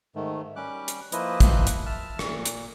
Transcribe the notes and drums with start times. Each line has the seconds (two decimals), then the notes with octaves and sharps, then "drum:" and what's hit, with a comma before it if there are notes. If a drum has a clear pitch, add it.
0.15 G#2 D#3 A3
0.56 G3 C#4 G4 D6 F#6
0.88 drum: hi-hat
1.12 F3 A#3 E4 B4 C5 D#5, drum: hi-hat
1.40 drum: kick, hi-hat
1.67 drum: hi-hat
1.86 E5 A5 F6
2.19 A#2, drum: rim click
2.45 drum: hi-hat